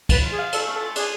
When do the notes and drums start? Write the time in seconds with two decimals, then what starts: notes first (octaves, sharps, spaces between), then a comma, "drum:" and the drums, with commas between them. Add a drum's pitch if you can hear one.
0.09 F4 B4, drum: kick, cymbal
0.23 F4
0.31 G#4
0.39 F5
0.53 A3 A4, drum: cymbal
0.68 A3
0.74 A4
0.81 F4
0.95 D4 G#4, drum: cymbal